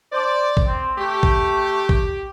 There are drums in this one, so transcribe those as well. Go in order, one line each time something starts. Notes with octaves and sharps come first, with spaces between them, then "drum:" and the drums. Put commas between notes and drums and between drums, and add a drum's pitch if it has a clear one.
C5 D5
drum: kick
C4
A3 G4
drum: kick
drum: kick